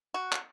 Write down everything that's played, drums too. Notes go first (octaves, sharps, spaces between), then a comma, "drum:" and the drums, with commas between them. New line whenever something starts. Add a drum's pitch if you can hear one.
F#4
drum: clap